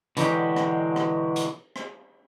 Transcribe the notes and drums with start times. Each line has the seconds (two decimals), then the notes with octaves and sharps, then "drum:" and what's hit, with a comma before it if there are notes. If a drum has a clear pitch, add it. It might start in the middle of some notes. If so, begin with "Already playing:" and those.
0.17 B2 D3 E3 F#3 G#3 G4, drum: hi-hat
0.56 drum: rim click
0.96 drum: rim click
1.36 drum: hi-hat
1.76 drum: rim click